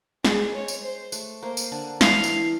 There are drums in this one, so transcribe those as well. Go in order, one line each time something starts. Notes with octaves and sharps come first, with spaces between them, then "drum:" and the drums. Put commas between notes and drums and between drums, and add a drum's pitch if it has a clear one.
G#3 G#4, drum: snare
C#5
drum: tambourine
C5
A3, drum: tambourine
A#3 C5
drum: tambourine
D3 D4
E3 E4 F5, drum: snare
drum: tambourine